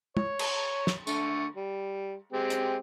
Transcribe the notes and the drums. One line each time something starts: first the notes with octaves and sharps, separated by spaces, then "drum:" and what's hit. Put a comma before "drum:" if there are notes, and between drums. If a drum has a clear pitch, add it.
C#5, drum: tom
drum: cymbal
drum: snare
D3 A3 C#6, drum: tambourine
G3
G#3 C4 G4
drum: hi-hat